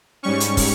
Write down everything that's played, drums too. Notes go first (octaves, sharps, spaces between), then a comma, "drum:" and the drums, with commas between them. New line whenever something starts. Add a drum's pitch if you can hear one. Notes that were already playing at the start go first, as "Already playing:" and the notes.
G#2 G3 C#4 C#6
drum: hi-hat
drum: kick, open hi-hat